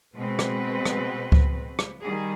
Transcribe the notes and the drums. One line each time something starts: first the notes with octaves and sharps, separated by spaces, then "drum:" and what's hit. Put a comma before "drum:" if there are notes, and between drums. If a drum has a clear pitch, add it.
B2 G#3 C4 B4
drum: rim click
drum: rim click
drum: kick C#2
drum: rim click
D#3 G3 G#4